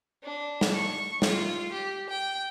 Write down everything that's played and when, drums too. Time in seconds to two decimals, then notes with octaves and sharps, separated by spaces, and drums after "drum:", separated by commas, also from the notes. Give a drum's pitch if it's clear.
0.24 D4
0.61 drum: snare
0.74 C#6
1.22 F4, drum: snare
1.72 G4
2.09 G5